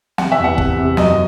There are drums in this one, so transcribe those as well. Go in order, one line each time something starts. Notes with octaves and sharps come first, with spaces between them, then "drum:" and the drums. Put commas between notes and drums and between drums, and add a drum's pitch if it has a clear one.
C3 F#5, drum: snare
E5
E2
F#5
C3, drum: kick
C3
F#2 D#5, drum: snare